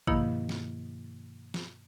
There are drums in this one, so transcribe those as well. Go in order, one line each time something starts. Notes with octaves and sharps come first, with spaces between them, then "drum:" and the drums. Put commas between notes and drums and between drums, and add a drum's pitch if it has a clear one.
G2 B2 D#3 F3 A#3 E4, drum: kick A1
drum: snare
drum: snare